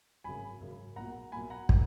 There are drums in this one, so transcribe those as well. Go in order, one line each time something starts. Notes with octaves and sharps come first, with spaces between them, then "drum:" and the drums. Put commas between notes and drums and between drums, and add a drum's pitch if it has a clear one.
G#1 F#2 C#3 G#5 B5
G#1 F#2 C#3
B1 A#2 F#5 A#5
B1 A#2 G#5 B5
F#5 A#5
D#3, drum: kick